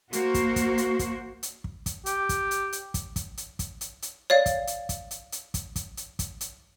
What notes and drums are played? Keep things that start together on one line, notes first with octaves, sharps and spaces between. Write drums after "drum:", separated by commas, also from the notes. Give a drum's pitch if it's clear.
A#3 F#4 C5, drum: hi-hat
drum: kick, hi-hat
drum: kick, hi-hat
drum: hi-hat
drum: kick, hi-hat
drum: hi-hat
drum: kick
drum: kick, hi-hat
G4, drum: hi-hat
drum: kick, hi-hat
drum: hi-hat
drum: hi-hat
drum: kick, hi-hat
drum: kick, hi-hat
drum: hi-hat
drum: kick, hi-hat
drum: hi-hat
drum: hi-hat
C#5 D5 F5
drum: kick, hi-hat
drum: hi-hat
drum: kick, hi-hat
drum: hi-hat
drum: hi-hat
drum: kick, hi-hat
drum: kick, hi-hat
drum: hi-hat
drum: kick, hi-hat
drum: hi-hat